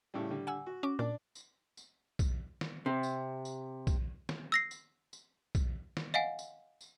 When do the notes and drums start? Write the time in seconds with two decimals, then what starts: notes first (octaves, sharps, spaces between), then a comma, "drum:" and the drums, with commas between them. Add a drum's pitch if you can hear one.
0.14 A2 C#3 G3
0.31 D3 G3
0.47 F#5 G#5 E6
0.66 F#4
0.83 C#4 D6
0.99 A#2 D4 D5 D6
1.35 drum: tambourine
1.77 drum: tambourine
2.19 drum: kick B1, tambourine
2.61 drum: snare
2.86 C3
3.03 drum: tambourine
3.45 drum: tambourine
3.87 drum: kick B1, tambourine
4.29 drum: snare
4.52 E6 A#6 C7
4.71 drum: tambourine
5.13 drum: tambourine
5.55 drum: kick B1, tambourine
5.97 drum: snare
6.14 D#5 F5 F#5 G#5
6.39 drum: tambourine
6.81 drum: tambourine